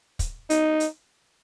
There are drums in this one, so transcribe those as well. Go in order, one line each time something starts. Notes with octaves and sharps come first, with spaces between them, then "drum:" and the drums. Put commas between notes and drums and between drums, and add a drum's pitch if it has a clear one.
drum: kick, hi-hat
D#4, drum: hi-hat
drum: hi-hat